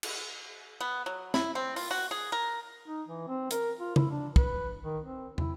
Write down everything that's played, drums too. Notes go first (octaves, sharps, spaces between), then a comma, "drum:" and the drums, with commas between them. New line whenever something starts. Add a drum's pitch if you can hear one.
drum: cymbal
B3
F#3
E4, drum: snare
C4
F4, drum: open hi-hat
F#4
G#4
A#4
D#4
E3
C4
A#4, drum: hi-hat
F4
E4, drum: tom C#3
D4
B4, drum: kick
D#3
C4
E4, drum: tom